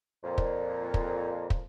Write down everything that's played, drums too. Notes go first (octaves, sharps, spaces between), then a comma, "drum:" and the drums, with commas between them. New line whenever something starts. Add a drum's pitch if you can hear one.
F2 A#2
drum: kick
drum: kick
drum: kick